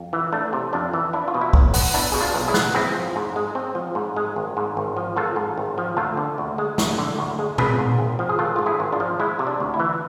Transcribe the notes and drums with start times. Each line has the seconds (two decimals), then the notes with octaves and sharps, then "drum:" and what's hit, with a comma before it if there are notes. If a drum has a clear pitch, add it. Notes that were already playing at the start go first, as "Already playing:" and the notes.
Already playing: F2
0.13 E3
0.33 A3 D4
0.53 C3
0.73 F2 D4
0.93 E3
1.13 D4 E4
1.28 F4
1.34 B2
1.41 E4
1.53 B1, drum: kick
1.74 B3, drum: open hi-hat
1.94 D4 E4
2.12 B2 G#4
2.21 D4 F4
2.34 B1
2.48 E4 G#4
2.54 B3, drum: snare
2.74 C4 E4 G#4
2.94 F3
3.16 G#2
3.36 G#3
3.55 C4
3.75 F3
3.95 G#2
4.16 G#3
4.36 G#1
4.57 G#2
4.77 G#1
4.97 F3
5.16 G#1 F4 A4
5.36 G#2
5.58 G#1
5.78 F3
5.97 D2 F4 A4
6.17 D3
6.38 D2
6.58 G#3
6.78 D2, drum: snare
6.98 D3
7.19 D2
7.39 G#3
7.58 G#1 G#4 B4, drum: tom A#2
7.78 G#2
7.98 G#1
8.19 F3
8.29 G#4
8.39 G#1 F4 A4
8.56 G#2 F4
8.66 E4 G#4
8.80 G#1
8.92 D4 F4
9.00 F3
9.20 G#3 E4
9.39 C3
9.47 D4
9.60 D2
9.74 E4
9.79 E3